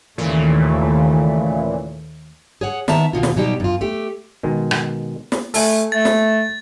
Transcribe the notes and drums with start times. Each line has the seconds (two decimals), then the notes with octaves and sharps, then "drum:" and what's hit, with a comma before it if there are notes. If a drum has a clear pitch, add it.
0.18 D#2 A#2 C#3 E3 A3
2.61 G#4 C#5 F#5
2.88 D#3 B3 E5 A5 A#5, drum: snare
3.13 D#2 G#2 B2 F4
3.23 drum: snare
3.36 B2 F#3 G3 D#4 G4
3.60 F#2 F4
3.81 A3 G4
4.43 B2 D#3 G#3
4.71 drum: rim click
5.32 drum: snare
5.54 A3 A4 G#5, drum: open hi-hat
5.92 A3 A6
6.05 drum: snare